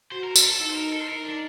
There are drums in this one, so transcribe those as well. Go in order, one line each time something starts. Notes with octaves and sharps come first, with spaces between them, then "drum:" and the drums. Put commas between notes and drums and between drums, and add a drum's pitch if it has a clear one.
F#4 C5
A#4
A4, drum: tambourine
A#4
A4
D#4 A4
C5
A#4
A4
C5
D#4 A#4
D4